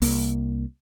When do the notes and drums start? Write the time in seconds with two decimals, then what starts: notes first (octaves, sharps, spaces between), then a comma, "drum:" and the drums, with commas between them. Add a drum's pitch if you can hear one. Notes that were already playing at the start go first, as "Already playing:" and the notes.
0.02 C2 A#3, drum: open hi-hat